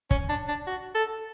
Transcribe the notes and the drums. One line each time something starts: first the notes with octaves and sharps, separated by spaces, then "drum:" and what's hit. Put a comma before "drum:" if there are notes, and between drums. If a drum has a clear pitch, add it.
C#4, drum: kick
D4
D4
F#4
A4